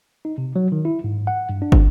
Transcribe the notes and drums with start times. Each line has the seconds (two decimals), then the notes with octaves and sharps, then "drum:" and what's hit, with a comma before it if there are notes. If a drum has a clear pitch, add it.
0.25 D#4
0.38 C3
0.56 F#3
0.72 D#3
0.85 E4
1.04 G#2
1.27 F#5
1.49 G2
1.62 D4
1.72 drum: kick